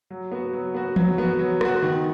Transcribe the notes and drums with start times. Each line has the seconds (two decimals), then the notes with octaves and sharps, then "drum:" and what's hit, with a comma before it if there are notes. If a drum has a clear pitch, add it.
0.10 F#3
0.32 B3 F#4
0.53 F#3
0.75 B3 F#4
0.96 F#3, drum: tom E3
1.18 B3 F#4
1.39 F#3
1.61 B3 F#4, drum: rim click
1.82 D#3